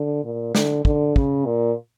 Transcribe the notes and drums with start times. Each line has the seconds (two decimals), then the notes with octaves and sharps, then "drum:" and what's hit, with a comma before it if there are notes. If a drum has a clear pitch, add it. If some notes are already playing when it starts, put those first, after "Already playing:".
Already playing: D3
0.24 A#2
0.55 D3, drum: snare
0.85 D3, drum: kick
1.16 C#3, drum: kick
1.46 A#2